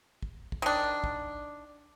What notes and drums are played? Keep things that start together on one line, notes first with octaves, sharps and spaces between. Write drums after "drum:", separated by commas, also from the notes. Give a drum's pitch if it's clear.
drum: kick
drum: kick
D#3 D4
drum: kick